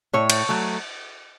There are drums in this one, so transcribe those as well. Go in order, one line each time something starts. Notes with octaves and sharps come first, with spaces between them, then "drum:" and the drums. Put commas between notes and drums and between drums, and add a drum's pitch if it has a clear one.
A2 C#5
drum: cymbal
F#3 A3